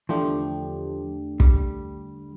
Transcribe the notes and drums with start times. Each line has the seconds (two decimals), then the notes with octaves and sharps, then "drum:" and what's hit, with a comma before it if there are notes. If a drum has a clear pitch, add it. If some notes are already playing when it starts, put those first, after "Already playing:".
0.09 E2 D3 F3 A3 D4 G4
1.40 G3, drum: kick